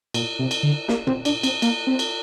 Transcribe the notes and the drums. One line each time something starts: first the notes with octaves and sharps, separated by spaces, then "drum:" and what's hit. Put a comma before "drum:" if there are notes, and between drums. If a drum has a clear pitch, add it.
A#2, drum: cymbal
C3
drum: cymbal
D3
A#3, drum: snare
C4, drum: tom
D4, drum: cymbal
C4, drum: cymbal
A#3, drum: cymbal
C4
drum: cymbal